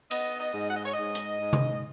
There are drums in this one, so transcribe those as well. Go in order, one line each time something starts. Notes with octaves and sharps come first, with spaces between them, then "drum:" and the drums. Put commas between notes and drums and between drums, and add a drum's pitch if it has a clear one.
B3 D#5, drum: cymbal
D#5
G#2
F#5
D#5
C#5
G#2 D#5
drum: hi-hat
G#2
drum: tom C3